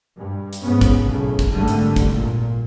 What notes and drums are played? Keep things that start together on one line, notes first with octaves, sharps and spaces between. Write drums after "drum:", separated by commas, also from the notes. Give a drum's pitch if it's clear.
G2
drum: hi-hat
G#2 B3 C#4
drum: kick, hi-hat
B1 A2 C#3
drum: kick, hi-hat
G#1 D3 G3 A3
drum: hi-hat
drum: kick, hi-hat
A#2